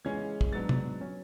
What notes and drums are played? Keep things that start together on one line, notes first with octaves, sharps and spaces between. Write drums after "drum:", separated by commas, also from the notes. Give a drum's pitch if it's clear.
C#3 E3 G#3 C#4 G#6
drum: kick
G#2 F#3 B3 D4 A6
drum: tom
F#3 C#4